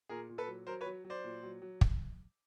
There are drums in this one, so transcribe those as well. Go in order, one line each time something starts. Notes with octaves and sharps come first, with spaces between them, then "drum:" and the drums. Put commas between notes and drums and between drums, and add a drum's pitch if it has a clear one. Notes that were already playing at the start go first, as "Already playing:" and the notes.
A#2 G#4 A#4
A#2
A4 B4
F#3
F#3 A#4 C5
B4 C#5
F#3
F#3
C5 D5
A#2
F#3
F#3
drum: kick